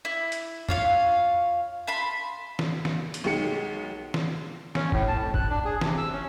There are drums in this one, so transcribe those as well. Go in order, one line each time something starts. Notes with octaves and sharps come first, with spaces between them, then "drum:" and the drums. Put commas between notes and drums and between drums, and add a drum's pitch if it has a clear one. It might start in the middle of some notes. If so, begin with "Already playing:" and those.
E4
drum: hi-hat
F4 C#5 F5, drum: tom E2
E5 A5 B5 C6
drum: snare
drum: snare
drum: hi-hat
B1 D#3 G#3 C#7
drum: snare
C#4, drum: snare
A2, drum: kick
A5
F2
F#6, drum: kick
D4
G#4
C3, drum: snare
E6
C#4